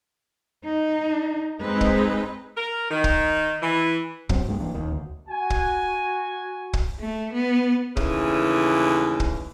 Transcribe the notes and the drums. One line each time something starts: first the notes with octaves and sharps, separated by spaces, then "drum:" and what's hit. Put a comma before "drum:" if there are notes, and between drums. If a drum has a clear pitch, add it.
D#4
G#3 C4 D#4 B4
drum: kick
A#4
D#3
drum: kick
E3
G2 F#3 C4, drum: kick
B1 G2 G#3 A3
E3 A#3 D4
D#1 D#2 D#3
D2
F#4 G#5
drum: kick
drum: kick
A3
B3
D#2 A2 C#3 E3, drum: kick
drum: kick